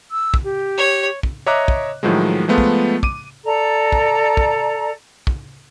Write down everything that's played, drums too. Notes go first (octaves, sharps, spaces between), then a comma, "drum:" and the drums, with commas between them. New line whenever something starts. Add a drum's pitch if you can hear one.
E6
drum: kick
G4
C#5
drum: kick
C#5 D#5 E5 A#5 D6 F#6
drum: kick
A2 D#3 F3 F#3 G#3
F3 G#3 A3 B3 F4
drum: kick
D6 D#7, drum: kick
A4 D5 A#5
drum: kick
drum: kick
drum: kick